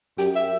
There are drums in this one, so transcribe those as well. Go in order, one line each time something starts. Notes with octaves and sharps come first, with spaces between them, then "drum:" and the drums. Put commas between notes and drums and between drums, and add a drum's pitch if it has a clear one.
F#2 G4, drum: hi-hat
E5